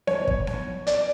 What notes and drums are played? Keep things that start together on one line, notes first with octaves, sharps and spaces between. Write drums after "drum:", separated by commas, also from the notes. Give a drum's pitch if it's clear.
C#5, drum: snare B3
drum: kick
drum: snare B3
D5, drum: hi-hat